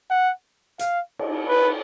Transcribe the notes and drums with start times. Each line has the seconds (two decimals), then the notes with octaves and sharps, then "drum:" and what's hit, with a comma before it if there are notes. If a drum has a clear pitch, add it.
0.10 F#5
0.79 F5, drum: hi-hat
1.19 drum: cymbal
1.48 B4